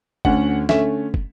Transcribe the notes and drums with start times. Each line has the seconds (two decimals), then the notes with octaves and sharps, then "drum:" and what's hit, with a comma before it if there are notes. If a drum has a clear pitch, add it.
0.25 D2 D3 A3 C#4 F#5, drum: kick
0.69 D3 A3 C#4 E5, drum: snare
1.14 drum: kick